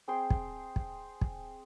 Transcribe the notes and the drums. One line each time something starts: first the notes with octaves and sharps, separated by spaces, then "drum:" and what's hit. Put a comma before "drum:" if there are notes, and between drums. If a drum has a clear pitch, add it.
C4 G#4 G5 C6
drum: kick
drum: kick
drum: kick